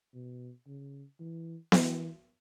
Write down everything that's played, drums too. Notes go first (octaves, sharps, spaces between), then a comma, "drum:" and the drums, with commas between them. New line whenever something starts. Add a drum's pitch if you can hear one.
B2
C#3
E3
E3, drum: snare B3